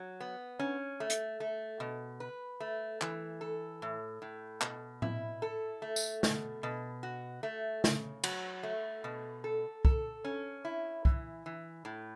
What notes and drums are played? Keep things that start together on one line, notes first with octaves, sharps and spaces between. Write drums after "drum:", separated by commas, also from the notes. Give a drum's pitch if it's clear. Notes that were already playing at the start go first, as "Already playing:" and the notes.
Already playing: F#3
B3
C#4
A3
drum: hi-hat
A3
B2
B4
A3
E3, drum: clap
A4
A2
A2
B2, drum: clap
E4, drum: tom A2
A4
A3
drum: tambourine
B2, drum: snare
B2
F#4
A3
C#3, drum: snare
F#3, drum: cymbal
A3
B2
A4
A4, drum: kick
C#4
E4
E3, drum: kick
E3
A2